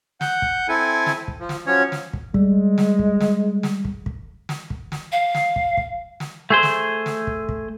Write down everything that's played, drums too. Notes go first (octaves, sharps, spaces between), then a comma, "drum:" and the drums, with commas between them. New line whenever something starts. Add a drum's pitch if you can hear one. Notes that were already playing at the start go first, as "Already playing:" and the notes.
F#5 G6, drum: snare
drum: kick
C4 E4 A4 G#5
drum: snare
drum: kick
F3
drum: snare
F3 F#3 C#4 C#5
drum: snare
drum: kick
G3 G#3, drum: kick
drum: snare
drum: kick
drum: snare
drum: snare
drum: kick
drum: kick
drum: snare
drum: kick
drum: snare
F5
drum: snare
drum: kick
drum: kick
drum: snare
A3 G#4 C5
drum: snare
drum: snare
drum: kick
drum: kick